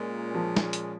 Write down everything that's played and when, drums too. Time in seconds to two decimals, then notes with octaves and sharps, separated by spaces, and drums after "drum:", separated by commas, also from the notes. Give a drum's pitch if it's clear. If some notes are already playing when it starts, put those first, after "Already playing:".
Already playing: A#2 G#3 C#4
0.35 F3
0.57 drum: snare
0.73 drum: hi-hat